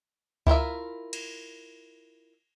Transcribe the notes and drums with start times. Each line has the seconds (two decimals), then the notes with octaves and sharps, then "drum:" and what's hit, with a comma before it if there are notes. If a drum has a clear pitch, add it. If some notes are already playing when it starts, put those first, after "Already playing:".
0.47 E4 F4 A#4 E5, drum: kick C#2
1.13 drum: cymbal